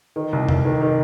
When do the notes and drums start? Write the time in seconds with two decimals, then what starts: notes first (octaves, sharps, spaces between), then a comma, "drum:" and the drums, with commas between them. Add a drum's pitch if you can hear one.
0.16 D#3
0.33 C2
0.49 C2, drum: tom E2
0.65 D#3
0.82 D#3